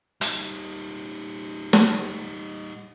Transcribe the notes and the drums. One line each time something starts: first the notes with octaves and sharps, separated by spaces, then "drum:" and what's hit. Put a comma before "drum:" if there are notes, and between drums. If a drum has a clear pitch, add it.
G3 D#4, drum: hi-hat
drum: snare